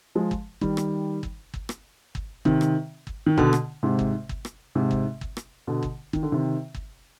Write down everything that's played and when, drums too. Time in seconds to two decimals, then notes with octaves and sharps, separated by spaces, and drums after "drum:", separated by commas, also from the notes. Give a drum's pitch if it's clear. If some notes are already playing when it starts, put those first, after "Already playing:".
0.15 F3 G#3
0.31 drum: kick G1
0.61 D#3 G3, drum: kick G1
0.77 drum: rim click
1.23 drum: kick G1
1.54 drum: kick G1
1.69 drum: rim click
2.15 drum: kick G1
2.45 C3 D#3, drum: kick G1
2.61 drum: rim click
3.07 drum: kick G1
3.26 D#3
3.38 B2 D3, drum: kick G1
3.53 drum: rim click
3.83 G#2 C3
3.99 drum: kick G1
4.29 drum: kick G1
4.45 drum: rim click
4.75 G#2 C3
4.91 drum: kick G1
5.21 drum: kick G1
5.37 drum: rim click
5.67 B2 D3
5.83 drum: kick G1
6.13 D#3, drum: kick G1
6.23 D3
6.32 C3 D#3
6.74 drum: kick G1